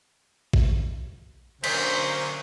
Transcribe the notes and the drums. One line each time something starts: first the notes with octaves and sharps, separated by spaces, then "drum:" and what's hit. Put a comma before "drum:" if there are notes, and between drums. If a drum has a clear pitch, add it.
drum: kick A1
D3 F#3 A#3 C#4 C5 B6, drum: cymbal